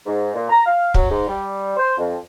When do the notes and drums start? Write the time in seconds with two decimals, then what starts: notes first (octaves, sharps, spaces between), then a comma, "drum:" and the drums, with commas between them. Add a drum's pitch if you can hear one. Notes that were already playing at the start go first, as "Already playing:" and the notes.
0.06 G#2
0.34 A#2
0.50 A#5
0.66 F5
0.94 F#3, drum: kick
1.10 G#2
1.28 G3
1.77 C5
1.97 F2